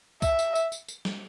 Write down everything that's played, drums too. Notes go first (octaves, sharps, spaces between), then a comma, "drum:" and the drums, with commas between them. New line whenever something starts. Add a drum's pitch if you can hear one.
E5, drum: kick, tambourine
drum: tambourine
drum: tambourine
drum: tambourine
drum: tambourine
drum: snare